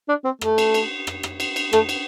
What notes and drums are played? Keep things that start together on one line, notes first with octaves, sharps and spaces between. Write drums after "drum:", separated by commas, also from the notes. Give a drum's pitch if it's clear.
D4
C4
A3, drum: rim click
drum: cymbal
drum: cymbal
drum: rim click
drum: rim click
drum: cymbal
drum: cymbal
A3, drum: rim click
drum: cymbal